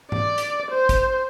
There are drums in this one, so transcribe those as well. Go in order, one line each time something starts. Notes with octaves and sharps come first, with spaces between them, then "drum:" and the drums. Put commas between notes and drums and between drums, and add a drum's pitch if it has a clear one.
D5, drum: tom G#2
drum: hi-hat
C5
drum: kick, hi-hat